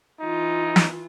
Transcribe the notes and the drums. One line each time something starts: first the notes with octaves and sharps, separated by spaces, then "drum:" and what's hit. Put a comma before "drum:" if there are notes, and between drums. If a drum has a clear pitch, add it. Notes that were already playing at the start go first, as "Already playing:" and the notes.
E3 D#4 F4
drum: snare